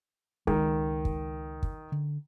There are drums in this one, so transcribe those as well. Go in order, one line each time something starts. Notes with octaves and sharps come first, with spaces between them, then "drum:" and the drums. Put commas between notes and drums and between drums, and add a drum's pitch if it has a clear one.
C#2 D#3 G#3, drum: kick
drum: kick
drum: kick
D3